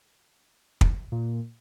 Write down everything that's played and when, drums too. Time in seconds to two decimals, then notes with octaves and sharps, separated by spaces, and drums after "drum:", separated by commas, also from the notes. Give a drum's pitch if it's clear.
0.81 drum: kick
1.12 A#2